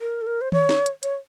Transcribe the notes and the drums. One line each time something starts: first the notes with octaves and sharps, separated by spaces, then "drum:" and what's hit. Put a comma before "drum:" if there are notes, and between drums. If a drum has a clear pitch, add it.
A#4
A4
A#4
C5
C#5, drum: tom D#3
drum: snare
drum: hi-hat
C#5, drum: hi-hat